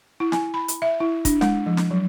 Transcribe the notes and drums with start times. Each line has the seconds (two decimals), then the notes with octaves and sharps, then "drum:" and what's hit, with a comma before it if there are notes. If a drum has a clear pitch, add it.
0.20 E4
0.32 G#5, drum: snare
0.54 B5
0.68 drum: hi-hat
0.82 E5
1.00 E4
1.25 D4, drum: kick, hi-hat
1.41 G#3, drum: snare
1.66 F3
1.77 drum: snare
1.91 F#3